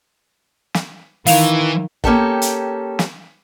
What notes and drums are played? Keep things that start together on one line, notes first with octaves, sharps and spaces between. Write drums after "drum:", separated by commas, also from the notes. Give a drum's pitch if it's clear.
drum: snare
D#3 E3 F5 F7, drum: open hi-hat
A#3 C#4 G4 A4 G5, drum: kick
drum: hi-hat
drum: snare